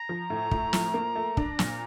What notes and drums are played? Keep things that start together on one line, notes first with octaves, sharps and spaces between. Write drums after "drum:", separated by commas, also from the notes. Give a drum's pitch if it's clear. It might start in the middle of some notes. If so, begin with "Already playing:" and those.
Already playing: A#5
F3
A2
A2, drum: kick
F3, drum: snare
A#3
A3
D4, drum: kick
A#2, drum: snare